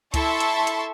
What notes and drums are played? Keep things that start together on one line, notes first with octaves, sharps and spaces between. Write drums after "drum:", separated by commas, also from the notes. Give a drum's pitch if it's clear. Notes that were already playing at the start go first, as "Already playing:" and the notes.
E4 A4 E5 A5 C6 C#6, drum: kick C#2, hi-hat
drum: hi-hat
drum: hi-hat